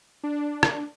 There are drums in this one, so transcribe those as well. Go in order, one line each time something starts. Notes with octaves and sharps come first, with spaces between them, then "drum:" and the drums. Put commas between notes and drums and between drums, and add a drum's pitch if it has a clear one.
D4
drum: rim click